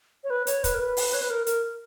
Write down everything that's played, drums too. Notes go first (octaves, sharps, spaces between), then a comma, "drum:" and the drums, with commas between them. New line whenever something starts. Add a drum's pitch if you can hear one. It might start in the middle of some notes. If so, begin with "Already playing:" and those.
C#5
B4
C#5, drum: hi-hat
B4, drum: kick, hi-hat
A#4
B4
drum: open hi-hat
C#5
B4
A#4
A#4, drum: hi-hat